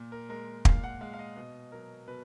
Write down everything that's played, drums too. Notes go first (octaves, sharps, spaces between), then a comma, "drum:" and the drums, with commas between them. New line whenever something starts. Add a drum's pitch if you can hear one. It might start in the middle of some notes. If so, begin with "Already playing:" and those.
Already playing: A#2
A#4
G#3 A#4
A#2 F5, drum: kick
F#5
G#3 F5
F5
D#5
B2 D#5
F#3 A#4
B2 B4